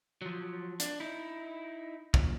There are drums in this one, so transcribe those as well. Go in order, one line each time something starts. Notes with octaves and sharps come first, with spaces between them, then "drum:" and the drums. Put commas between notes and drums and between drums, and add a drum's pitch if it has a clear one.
F3 F#3
D4, drum: hi-hat
D#4 E4
F#2 A#2, drum: kick